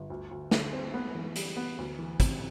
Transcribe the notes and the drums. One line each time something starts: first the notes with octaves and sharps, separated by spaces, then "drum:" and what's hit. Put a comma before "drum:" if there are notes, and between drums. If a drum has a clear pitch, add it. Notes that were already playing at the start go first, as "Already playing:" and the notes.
Already playing: G1
D2
D2
D3, drum: snare
C4
B3
E3
G3, drum: hi-hat
B3
D2
E3
C3, drum: kick, hi-hat